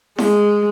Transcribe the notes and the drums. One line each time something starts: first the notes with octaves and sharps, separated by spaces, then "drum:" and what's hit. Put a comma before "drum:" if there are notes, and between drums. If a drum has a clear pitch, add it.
G#3, drum: snare E4